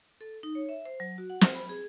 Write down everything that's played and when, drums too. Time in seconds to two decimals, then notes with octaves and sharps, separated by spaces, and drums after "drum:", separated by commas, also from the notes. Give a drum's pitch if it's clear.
0.21 A4
0.43 D#4
0.55 C#5
0.69 E5
0.86 C5
1.00 F#3
1.18 F#4
1.30 F#5
1.41 C5, drum: snare
1.55 B5
1.69 G#4